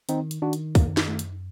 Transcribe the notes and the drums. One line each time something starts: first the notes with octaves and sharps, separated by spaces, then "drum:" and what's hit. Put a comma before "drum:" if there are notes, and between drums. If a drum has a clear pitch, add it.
D#3 C4 D#4, drum: hi-hat
drum: hi-hat
D#3 D4 F#4
drum: hi-hat
F#2 A#3, drum: kick, open hi-hat
drum: snare
F#2 A3
drum: hi-hat